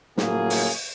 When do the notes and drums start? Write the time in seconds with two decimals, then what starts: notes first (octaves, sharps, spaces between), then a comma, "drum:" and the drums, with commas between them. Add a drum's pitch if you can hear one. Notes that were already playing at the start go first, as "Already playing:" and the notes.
0.17 A2 C#3 F3 F#3 A#3 G#4, drum: snare
0.50 drum: open hi-hat